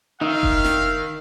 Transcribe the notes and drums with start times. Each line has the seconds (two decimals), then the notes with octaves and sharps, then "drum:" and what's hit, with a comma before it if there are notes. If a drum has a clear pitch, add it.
0.21 D#3 D#4 E5 F5
0.43 drum: kick F1
0.64 drum: snare